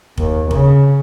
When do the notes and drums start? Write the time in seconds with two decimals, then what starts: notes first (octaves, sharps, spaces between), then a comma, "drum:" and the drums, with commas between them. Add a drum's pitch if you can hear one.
0.18 D#2, drum: kick F1
0.51 C#3, drum: kick F1